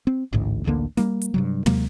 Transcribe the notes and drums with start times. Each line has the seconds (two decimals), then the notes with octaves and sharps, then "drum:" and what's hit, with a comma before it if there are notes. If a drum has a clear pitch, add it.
0.07 C4
0.33 A1 D2 G#2
0.65 A1 D2 D3 A#3
0.97 G3 A#3, drum: snare
1.22 drum: hi-hat
1.34 G2 C3 F#3
1.66 C3 F#3 G#3 A#3, drum: tom